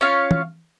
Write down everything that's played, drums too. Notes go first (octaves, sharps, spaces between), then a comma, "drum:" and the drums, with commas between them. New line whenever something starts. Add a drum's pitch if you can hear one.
C#4 F4 C#5 F5
drum: tom